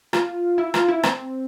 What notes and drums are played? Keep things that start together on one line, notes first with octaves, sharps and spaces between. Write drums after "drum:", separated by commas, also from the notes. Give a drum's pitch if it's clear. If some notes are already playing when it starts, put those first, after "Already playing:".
F4, drum: rim click
E4
F4, drum: rim click
E4
C4, drum: rim click